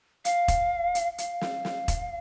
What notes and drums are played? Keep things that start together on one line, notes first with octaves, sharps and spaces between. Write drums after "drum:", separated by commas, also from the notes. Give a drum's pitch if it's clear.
F5, drum: hi-hat
drum: kick E1, hi-hat
drum: hi-hat
F5, drum: hi-hat
drum: snare
drum: snare
drum: kick E1, hi-hat